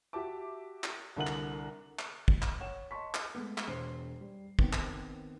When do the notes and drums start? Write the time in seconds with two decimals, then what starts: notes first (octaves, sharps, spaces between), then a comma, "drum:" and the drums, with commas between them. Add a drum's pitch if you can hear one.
0.13 F#4 G4 E5 A5 D6
0.84 drum: clap
1.16 C2 D3 A#4 F#5 F#6 F#7
1.27 drum: clap
1.99 drum: clap
2.28 drum: kick
2.42 drum: clap
2.60 C#5 F#5 E7
2.91 D#5 A5 C6 C#6 B6
3.14 drum: clap
3.35 G#3 A3 B3
3.58 drum: clap
3.67 E1 C5 C6 C7
4.21 G3
4.59 D#3 B3 C4, drum: kick
4.73 drum: clap